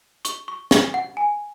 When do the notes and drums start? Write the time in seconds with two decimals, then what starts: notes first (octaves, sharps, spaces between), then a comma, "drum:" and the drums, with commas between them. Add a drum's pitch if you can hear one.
0.25 C#6, drum: hi-hat
0.48 C#6
0.71 C#6, drum: snare
0.94 F#5
1.17 G#5